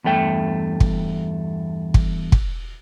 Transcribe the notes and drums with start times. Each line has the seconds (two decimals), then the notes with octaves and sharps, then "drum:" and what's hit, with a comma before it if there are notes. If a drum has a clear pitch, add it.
0.04 E2 G2 A3 G5
0.80 drum: kick
1.94 drum: kick
2.32 drum: kick